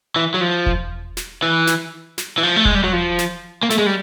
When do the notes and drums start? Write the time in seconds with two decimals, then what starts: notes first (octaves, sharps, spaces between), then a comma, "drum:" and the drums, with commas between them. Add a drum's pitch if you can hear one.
0.16 E3
0.34 F#3
0.41 F3
0.66 drum: kick E1
1.17 drum: snare
1.43 E3
1.67 drum: snare
2.18 drum: snare
2.38 E3
2.43 F3
2.56 A3
2.65 G#3, drum: kick E1
2.75 G3
2.84 F#3
2.93 F3
3.19 drum: snare
3.63 A#3
3.70 A3, drum: snare
3.78 G#3
3.86 G3